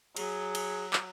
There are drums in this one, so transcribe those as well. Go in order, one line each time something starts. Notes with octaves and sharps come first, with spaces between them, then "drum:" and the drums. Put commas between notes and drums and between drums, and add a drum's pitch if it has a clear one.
F#3 G#4, drum: cymbal
drum: cymbal
drum: clap